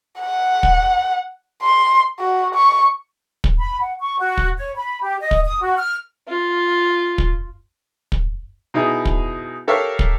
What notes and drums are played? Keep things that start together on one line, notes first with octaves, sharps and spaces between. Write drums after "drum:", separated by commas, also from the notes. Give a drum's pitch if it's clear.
F#5
drum: kick
C6
F#4
C#6
drum: kick
B5
F#5
C#6
F#4
drum: kick
C#5
B5
G4
D#5
drum: kick
D#6
F#4
F6
F4
drum: kick
drum: kick
B2 D#4 E4 G#4
drum: kick
G4 A4 A#4 C#5 E5 F5
drum: kick